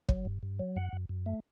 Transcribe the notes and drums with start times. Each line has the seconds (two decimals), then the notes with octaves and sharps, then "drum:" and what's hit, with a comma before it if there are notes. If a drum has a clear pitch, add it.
0.09 F#3, drum: kick
0.25 G2
0.43 G2
0.59 F#3
0.76 F#2 F#5
0.93 F#2
1.09 F#2
1.26 A3